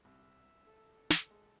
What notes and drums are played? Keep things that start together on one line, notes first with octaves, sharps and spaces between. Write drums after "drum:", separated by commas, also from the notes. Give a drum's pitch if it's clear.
C2 E5
A4
drum: snare
G#3